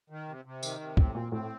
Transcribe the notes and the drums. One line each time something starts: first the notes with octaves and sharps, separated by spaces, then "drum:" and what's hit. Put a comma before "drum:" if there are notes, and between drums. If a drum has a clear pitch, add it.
D#3
C3
C3
D#3, drum: tambourine
C3
A2 C4, drum: kick
A#2 C4
A2 C4